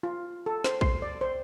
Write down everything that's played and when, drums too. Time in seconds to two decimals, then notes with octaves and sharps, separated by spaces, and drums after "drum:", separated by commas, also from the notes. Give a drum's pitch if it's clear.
0.03 F4
0.46 A4
0.64 C5, drum: snare
0.81 C6, drum: kick
1.02 D5
1.21 C5